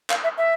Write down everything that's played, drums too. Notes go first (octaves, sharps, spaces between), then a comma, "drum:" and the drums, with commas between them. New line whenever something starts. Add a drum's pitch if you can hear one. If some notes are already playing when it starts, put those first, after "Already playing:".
F5, drum: clap
E5
E5